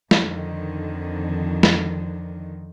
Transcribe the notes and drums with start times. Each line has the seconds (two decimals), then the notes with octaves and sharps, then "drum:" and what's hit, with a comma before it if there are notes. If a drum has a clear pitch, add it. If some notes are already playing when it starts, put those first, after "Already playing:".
0.11 F2 D3 D#3, drum: snare
1.63 drum: snare